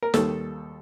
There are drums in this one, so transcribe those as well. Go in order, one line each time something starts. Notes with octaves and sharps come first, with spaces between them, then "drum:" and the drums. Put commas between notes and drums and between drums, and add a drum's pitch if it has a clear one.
A#4
D#2 D#3 G3 A4, drum: snare